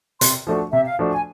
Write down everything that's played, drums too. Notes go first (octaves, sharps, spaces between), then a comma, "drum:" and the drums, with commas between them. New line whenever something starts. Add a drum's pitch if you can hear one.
C3 C6, drum: hi-hat
F3 A3 D4 F#4
C3 E5
F5
F3 A3 D4 F#4
G#5